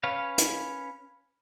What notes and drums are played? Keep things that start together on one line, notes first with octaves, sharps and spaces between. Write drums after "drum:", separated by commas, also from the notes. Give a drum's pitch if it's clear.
C#4 B4 C#5 F5
drum: hi-hat